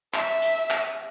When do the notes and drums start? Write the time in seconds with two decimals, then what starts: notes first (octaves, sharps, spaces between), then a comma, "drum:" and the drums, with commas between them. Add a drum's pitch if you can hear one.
0.14 E5, drum: clap
0.42 drum: hi-hat
0.70 drum: clap